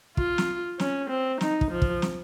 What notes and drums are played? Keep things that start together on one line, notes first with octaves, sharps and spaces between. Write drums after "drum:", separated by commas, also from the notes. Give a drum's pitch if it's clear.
F4, drum: kick
drum: snare
C#4, drum: snare
C4
D#4, drum: snare
drum: kick
F3
drum: kick
drum: snare